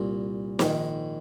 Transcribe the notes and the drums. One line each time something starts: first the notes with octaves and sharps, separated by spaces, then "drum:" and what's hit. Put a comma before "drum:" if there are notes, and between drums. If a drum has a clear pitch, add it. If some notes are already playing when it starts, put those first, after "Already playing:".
Already playing: C2 A#2
A#1 G#2 D#3, drum: snare